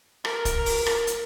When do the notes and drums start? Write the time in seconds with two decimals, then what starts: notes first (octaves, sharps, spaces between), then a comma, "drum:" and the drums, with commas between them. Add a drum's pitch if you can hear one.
0.25 A#4, drum: rim click
0.45 drum: kick, hi-hat
0.66 drum: open hi-hat
0.86 drum: rim click
1.07 drum: hi-hat